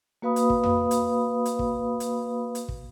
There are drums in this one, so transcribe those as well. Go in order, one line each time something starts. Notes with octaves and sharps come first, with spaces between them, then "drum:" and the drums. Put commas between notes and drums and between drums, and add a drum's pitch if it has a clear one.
A#3 F#4 B4 F5 B5 D#6
drum: hi-hat
drum: kick
drum: tom F2
drum: hi-hat
drum: hi-hat
drum: kick
drum: hi-hat
drum: hi-hat
drum: kick